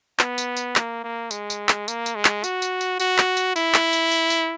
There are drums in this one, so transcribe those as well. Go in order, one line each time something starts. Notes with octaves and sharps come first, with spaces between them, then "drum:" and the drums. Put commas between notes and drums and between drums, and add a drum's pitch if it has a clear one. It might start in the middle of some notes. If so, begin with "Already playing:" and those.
B3, drum: clap
drum: tambourine
drum: tambourine
A#3, drum: clap
A#3
G#3, drum: tambourine
drum: tambourine
drum: clap
A#3, drum: tambourine
drum: tambourine
G#3
drum: clap
F#4, drum: tambourine
drum: tambourine
drum: tambourine
F#4, drum: tambourine
drum: clap
drum: tambourine
E4, drum: tambourine
drum: clap
drum: tambourine
drum: tambourine
drum: tambourine